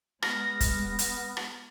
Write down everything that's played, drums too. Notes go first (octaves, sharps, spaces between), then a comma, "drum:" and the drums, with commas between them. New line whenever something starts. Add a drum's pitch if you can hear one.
G#3 B3 F6 A#6, drum: rim click
drum: kick, hi-hat
drum: hi-hat
drum: rim click